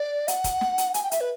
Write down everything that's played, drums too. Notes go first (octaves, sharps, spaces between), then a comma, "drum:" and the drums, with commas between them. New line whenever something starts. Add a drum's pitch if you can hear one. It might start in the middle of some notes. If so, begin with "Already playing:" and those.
Already playing: D5
F#5, drum: hi-hat
drum: kick, hi-hat
drum: snare
drum: hi-hat
G#5, drum: hi-hat
G5
E5, drum: hi-hat
B4